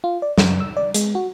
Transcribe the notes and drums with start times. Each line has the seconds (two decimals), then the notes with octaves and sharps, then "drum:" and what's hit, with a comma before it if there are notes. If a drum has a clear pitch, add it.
0.04 F4
0.22 D5
0.38 F#2, drum: snare
0.60 E6
0.77 D5
0.94 G#3, drum: hi-hat
1.15 F#4